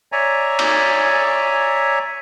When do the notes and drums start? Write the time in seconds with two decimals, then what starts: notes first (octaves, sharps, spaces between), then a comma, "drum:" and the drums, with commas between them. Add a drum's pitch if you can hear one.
0.12 C#5 D5 E5 G#5 A#5
0.59 drum: cymbal